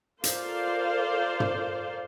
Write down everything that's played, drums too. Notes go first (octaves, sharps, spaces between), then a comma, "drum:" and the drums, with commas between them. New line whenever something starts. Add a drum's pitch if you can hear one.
F4 A4 A#4 C5 D5 F5, drum: hi-hat
drum: tom